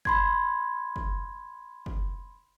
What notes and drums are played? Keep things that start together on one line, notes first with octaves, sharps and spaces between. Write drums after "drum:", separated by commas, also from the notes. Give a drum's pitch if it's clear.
B5 C6 G#6, drum: kick
drum: kick
drum: kick